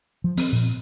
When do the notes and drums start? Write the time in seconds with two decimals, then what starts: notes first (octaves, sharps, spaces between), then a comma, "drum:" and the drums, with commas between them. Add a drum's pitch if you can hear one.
0.24 F3
0.37 C4, drum: open hi-hat
0.52 A#2